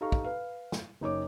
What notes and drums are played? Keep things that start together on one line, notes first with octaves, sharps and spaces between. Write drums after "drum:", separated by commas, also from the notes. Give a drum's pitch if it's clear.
D#4 G4 A4 F5 A#5 C#6
drum: kick
B4 F5
drum: snare
F#1 D#4 C#5 D6